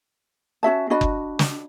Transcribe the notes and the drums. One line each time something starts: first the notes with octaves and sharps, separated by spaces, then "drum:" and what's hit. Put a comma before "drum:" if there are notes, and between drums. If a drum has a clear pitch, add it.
C#4 F#4 E5 A5
D4 F#4 D#5 B5
drum: kick F#1
drum: snare